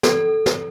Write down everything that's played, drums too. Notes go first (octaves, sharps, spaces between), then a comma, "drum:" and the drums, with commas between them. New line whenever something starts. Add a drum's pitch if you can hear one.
A4, drum: snare
drum: snare